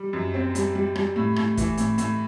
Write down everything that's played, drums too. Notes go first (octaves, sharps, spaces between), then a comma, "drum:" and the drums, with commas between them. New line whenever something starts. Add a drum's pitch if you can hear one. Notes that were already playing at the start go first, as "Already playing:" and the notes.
Already playing: G3
F#2
C4
G3, drum: hi-hat
G3
G3, drum: rim click
A2
A2, drum: rim click
E3, drum: kick, hi-hat
A2, drum: hi-hat
A2, drum: hi-hat